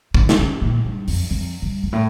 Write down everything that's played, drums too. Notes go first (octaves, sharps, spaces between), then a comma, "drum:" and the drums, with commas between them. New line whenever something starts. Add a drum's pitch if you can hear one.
D3, drum: kick
drum: snare
C#3
A#2
G2
F2, drum: open hi-hat
F2
G2
G2
A2